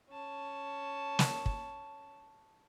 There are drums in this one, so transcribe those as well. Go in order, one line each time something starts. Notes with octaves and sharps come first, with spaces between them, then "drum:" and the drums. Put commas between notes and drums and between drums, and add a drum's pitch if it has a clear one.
C#4 A5
drum: snare
drum: kick